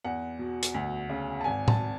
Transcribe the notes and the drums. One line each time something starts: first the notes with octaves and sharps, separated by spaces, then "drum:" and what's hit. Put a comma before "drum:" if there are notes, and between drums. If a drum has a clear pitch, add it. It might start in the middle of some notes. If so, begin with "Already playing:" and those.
E2 F#5
B2
drum: hi-hat
D2
C#3
A5
G#1 G#5
A5, drum: tom A2